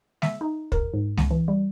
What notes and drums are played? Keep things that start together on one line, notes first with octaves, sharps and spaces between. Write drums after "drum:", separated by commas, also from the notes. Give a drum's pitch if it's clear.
E5, drum: snare G#3
D#4
A#4, drum: kick
G#2
C#2, drum: snare G#3
E3
G3